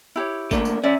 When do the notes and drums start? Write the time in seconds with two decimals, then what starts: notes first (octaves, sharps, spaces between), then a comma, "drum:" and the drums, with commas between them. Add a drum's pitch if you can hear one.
0.16 E4 G4 C#5
0.51 A3 A#3 D4, drum: kick G#1, tambourine
0.65 drum: tambourine
0.84 C#4 D5 E5